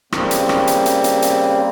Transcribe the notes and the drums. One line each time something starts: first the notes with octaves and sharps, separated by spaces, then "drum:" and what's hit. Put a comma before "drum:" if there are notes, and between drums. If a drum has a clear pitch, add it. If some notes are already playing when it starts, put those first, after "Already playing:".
C#3 G3 A#3 C4, drum: rim click
drum: hi-hat
drum: rim click
drum: hi-hat
drum: hi-hat
drum: hi-hat
drum: hi-hat